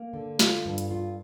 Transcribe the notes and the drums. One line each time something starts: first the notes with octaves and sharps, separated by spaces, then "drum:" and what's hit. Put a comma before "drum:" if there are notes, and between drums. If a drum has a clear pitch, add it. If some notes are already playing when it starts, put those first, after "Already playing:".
Already playing: A#3
D3
F4, drum: snare
G2
drum: hi-hat
F4